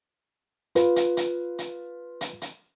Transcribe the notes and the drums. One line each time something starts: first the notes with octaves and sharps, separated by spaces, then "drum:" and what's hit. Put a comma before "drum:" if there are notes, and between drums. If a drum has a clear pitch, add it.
F4 B4, drum: hi-hat
drum: hi-hat
drum: hi-hat
drum: hi-hat
drum: hi-hat
drum: hi-hat